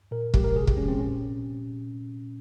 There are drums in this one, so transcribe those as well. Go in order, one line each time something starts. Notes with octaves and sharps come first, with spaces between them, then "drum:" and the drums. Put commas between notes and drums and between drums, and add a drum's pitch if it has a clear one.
A#2 A#4
F3 G#3 G4, drum: kick
A#4
C3 G#4
G4, drum: kick
F3 G#3 C#4
C4
A#2 C#4